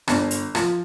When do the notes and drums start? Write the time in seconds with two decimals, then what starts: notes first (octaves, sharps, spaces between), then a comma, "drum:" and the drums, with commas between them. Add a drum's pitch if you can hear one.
0.08 G1, drum: rim click
0.31 drum: hi-hat
0.55 F3, drum: rim click